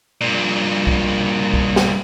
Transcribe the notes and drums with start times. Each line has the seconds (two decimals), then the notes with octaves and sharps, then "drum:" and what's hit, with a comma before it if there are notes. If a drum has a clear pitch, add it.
0.21 G2 A#2
0.87 drum: kick
1.54 drum: kick
1.76 drum: snare